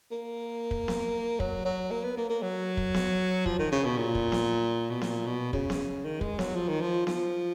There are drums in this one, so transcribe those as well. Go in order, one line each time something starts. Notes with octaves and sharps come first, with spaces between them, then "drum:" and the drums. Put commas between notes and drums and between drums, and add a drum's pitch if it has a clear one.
A#3
drum: kick
drum: snare B3
F#3, drum: kick
F#3
A#3
B3
A#3
A#3
F#3
drum: kick
drum: snare B3
F3, drum: kick
D#3
C#3
B2
A#2
drum: kick
drum: snare B3
B2
A#2, drum: snare B3
B2
C#3, drum: kick
drum: snare B3
D#3
G#3, drum: kick
F#3, drum: snare B3
F3
D#3
F3
F3, drum: snare B3